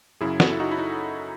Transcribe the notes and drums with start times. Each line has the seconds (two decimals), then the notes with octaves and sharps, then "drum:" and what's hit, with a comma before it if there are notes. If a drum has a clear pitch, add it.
0.21 F#2 C#3 F#3 E4 G#4
0.40 F#4 A4, drum: snare
0.52 E4
0.60 D#4 F#4
0.72 E4
0.78 D#4